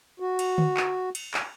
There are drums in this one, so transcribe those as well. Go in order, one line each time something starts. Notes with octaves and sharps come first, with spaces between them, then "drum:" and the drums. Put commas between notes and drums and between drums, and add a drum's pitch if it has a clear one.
F#4
drum: cymbal
drum: tom D3
drum: clap
drum: cymbal
drum: clap